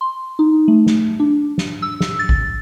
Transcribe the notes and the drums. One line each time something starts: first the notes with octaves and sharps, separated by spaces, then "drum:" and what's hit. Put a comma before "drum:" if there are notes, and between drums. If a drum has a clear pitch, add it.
C6
D#4
A3
drum: snare
D4
drum: snare
E6
drum: snare
A6
drum: kick G#1